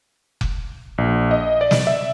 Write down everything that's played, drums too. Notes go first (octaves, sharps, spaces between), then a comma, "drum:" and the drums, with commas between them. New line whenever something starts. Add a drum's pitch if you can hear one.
drum: kick F1
A#1
D#5
D5
drum: snare
E5